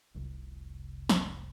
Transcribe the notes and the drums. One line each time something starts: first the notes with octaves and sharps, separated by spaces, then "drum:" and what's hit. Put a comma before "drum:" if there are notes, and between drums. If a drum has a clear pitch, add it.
F1 C2
drum: snare